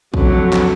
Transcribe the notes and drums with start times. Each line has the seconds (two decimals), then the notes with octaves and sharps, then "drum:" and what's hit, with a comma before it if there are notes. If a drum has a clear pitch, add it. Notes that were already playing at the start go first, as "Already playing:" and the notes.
0.14 F2 D3 F#3 A3, drum: kick
0.53 drum: clap